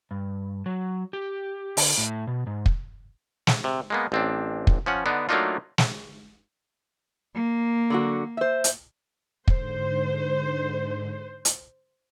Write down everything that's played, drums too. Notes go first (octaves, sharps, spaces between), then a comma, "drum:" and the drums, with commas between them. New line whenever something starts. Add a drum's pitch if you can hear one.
G2
F#3
G4
D3, drum: open hi-hat
A2
B2
G#2
drum: kick
drum: snare
C3
G#3 A#3 B3
A1 C4 D4
drum: kick
F3 C#4 F#5
D3 B3 D4 D#4
F#3 A3 A#3 D4 D#4 F4
drum: snare
A#3
D3 F#3 F#4
C5 E5
drum: hi-hat
G#2 D3 C5, drum: kick
drum: hi-hat